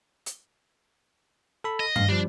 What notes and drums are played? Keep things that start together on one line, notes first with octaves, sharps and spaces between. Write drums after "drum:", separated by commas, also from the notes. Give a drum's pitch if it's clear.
drum: hi-hat
A4 B5
D#5
G2 F5, drum: tom G2
F3 G3 D4